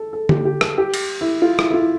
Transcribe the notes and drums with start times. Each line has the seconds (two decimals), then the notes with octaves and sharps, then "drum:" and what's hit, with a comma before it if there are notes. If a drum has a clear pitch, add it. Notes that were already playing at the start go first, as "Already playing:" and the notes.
Already playing: A4
0.13 A4
0.29 G4, drum: tom D3
0.45 G4
0.61 A4, drum: rim click
0.78 G4
0.94 drum: cymbal
1.21 E4
1.42 F4
1.59 E4, drum: rim click
1.70 E4
1.74 F4